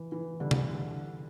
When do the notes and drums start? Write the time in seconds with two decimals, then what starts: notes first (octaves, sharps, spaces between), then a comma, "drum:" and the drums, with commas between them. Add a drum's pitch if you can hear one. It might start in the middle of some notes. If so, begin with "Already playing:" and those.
Already playing: E3
0.12 E3
0.40 D3 G3
0.51 drum: tom C3